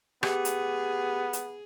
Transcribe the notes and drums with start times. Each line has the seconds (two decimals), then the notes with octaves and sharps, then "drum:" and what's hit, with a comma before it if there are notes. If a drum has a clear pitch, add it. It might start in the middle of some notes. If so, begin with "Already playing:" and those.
0.23 B3 G4 G#4, drum: rim click
0.45 drum: hi-hat
1.33 drum: hi-hat